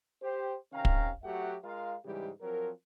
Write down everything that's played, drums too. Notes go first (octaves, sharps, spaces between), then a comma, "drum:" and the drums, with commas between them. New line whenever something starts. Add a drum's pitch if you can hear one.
G4 C5
C3 D#3 C#4 F5 G5 A#5
drum: kick
F#3 A3 F#4 G4 E5 F#5
G#3 F4 A#4 F5
G#2 C#3 E3 G3 G#3 G4
F3 F#3 C4 A#4